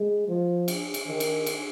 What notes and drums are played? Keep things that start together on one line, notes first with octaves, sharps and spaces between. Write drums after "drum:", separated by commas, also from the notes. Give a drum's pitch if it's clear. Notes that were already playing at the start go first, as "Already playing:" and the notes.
Already playing: G#3
F3
drum: cymbal
drum: cymbal
D#3
drum: cymbal
drum: cymbal